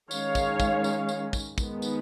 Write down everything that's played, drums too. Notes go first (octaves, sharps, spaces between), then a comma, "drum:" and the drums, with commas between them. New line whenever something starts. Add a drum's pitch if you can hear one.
D#3 G#3 C#4 C#5 F5, drum: tambourine
drum: kick, tambourine
drum: kick, tambourine
drum: tambourine
drum: tambourine
drum: kick, tambourine
D#3 G#3 B3, drum: kick, tambourine
drum: tambourine